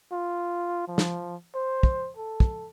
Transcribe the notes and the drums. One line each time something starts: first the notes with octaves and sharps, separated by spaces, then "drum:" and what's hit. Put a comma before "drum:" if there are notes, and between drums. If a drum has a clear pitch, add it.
F4
F3
drum: snare
C5
drum: kick
A4
drum: kick